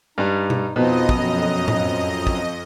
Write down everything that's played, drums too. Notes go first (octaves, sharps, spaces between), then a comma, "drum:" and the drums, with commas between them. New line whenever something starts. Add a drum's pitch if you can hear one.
G2 G3 D#4
drum: tom B2
F2 B2 F3 B3 C4 D#4 D#5
F#2 A#5, drum: kick
drum: tom A2
drum: kick